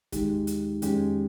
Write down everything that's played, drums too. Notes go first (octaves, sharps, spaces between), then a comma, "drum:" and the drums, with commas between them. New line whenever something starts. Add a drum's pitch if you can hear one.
D#2 D#3 G#3 D#4 G4, drum: kick, hi-hat
drum: hi-hat
F2 D#3 G#3 C#4 G4, drum: hi-hat